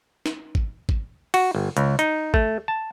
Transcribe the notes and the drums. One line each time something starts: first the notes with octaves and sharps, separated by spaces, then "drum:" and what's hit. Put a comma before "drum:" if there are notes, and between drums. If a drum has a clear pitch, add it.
drum: snare
drum: kick
drum: kick
F#4, drum: cymbal
G1
C#2, drum: hi-hat
D#4, drum: hi-hat
A3, drum: kick
A5